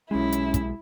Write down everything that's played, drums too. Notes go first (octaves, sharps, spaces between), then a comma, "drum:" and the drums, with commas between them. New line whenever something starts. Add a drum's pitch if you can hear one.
B1 G#3 C#4 E4
drum: hi-hat
drum: kick, hi-hat